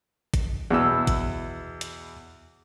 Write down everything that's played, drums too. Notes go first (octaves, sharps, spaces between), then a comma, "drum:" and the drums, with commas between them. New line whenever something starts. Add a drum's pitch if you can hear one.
drum: kick, hi-hat
E2 B2 E6
drum: kick, hi-hat
drum: hi-hat